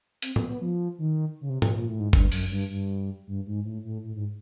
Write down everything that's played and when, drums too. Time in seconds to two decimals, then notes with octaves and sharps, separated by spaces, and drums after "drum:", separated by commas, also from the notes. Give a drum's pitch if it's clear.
0.22 C4, drum: hi-hat
0.36 B3, drum: tom A2
0.48 B3
0.61 F3
0.99 D#3
1.41 C#3
1.50 C3
1.62 B2, drum: tom G#2
1.76 A#2
1.88 A2
2.00 G#2
2.13 G2, drum: kick G1
2.32 F#2, drum: open hi-hat
2.51 G2
2.70 G2
3.27 G2
3.47 G#2
3.65 A2
3.85 A2
4.04 A2
4.16 G#2